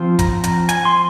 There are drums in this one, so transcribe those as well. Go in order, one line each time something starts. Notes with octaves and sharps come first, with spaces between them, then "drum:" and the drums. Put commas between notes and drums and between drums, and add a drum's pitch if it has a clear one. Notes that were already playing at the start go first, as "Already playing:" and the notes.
Already playing: F3 C4 F4
A#5, drum: kick, hi-hat
drum: hi-hat
G#5, drum: hi-hat
C6